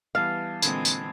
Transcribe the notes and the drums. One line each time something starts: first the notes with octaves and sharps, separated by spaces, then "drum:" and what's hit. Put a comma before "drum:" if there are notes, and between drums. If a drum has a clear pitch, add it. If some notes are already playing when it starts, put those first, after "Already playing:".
E3 G3 B3 F5 A5 A6 C7
A#2 D3 E3 G#3 C4 B5 G#6, drum: tambourine
drum: tambourine